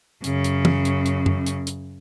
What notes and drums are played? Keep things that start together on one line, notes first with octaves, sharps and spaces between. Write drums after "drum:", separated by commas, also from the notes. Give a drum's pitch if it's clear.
F#2 C#3, drum: hi-hat
drum: hi-hat
drum: tom
drum: hi-hat
drum: hi-hat
drum: tom F#2
drum: hi-hat
drum: hi-hat